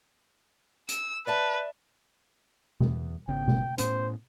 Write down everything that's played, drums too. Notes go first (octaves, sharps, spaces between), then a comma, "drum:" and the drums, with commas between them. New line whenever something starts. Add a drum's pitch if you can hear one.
E6, drum: hi-hat
B4 D5 E5 A5
E2, drum: tom B2
G#1 C#3 B3 G5
drum: tom B2
A2 B3 C#4 C5, drum: hi-hat